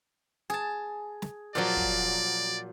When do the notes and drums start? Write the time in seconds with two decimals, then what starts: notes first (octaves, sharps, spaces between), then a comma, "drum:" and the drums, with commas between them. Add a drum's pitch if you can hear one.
0.50 G#4 A5
1.22 drum: snare
1.55 A#2 F3 F#3 D5
1.76 drum: kick